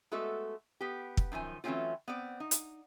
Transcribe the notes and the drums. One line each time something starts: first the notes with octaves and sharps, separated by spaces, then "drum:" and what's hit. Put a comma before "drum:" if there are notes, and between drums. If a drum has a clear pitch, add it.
G#3 A3 B3 F#4 A4
B3 G4
drum: kick
F#2 D#3 F3 G#5
E3 F#3 A3 C4 C#4 F4
B3 C4 D5
D#4
drum: hi-hat